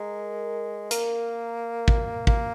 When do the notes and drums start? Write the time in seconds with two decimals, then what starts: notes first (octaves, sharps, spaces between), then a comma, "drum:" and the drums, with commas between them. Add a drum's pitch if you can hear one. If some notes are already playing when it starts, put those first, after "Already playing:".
Already playing: G#3 A#4
0.91 A#3 A#4, drum: hi-hat
1.88 drum: kick
2.27 A#3, drum: kick